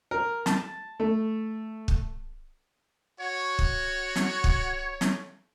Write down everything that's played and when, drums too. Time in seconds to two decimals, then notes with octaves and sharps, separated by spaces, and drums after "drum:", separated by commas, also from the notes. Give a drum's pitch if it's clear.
0.11 A#4
0.46 A5, drum: snare
1.00 A3
1.88 drum: kick
3.20 F#4 C#5
3.59 drum: kick
4.15 drum: snare
4.44 drum: kick
5.01 drum: snare